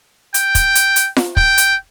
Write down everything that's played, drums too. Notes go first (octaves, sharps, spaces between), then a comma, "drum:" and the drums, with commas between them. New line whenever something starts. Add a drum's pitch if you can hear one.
G5, drum: hi-hat
drum: kick, hi-hat
drum: hi-hat
drum: hi-hat
drum: snare F4
G5, drum: kick
drum: hi-hat